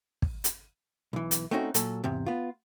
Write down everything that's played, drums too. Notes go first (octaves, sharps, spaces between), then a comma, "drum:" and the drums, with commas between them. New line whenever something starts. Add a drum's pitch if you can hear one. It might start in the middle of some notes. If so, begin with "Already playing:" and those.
drum: kick
drum: hi-hat
B1 E3
drum: hi-hat
A3 C4 C#4 D#4 E4 F#4
A#2 F#3 A4, drum: hi-hat
E2 G#2 C3
B3 F4